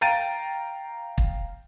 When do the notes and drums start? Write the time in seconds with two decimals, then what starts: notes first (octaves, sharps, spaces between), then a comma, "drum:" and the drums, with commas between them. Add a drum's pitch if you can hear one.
0.01 F5 G5 A#5 A6 D7 D#7
1.18 drum: kick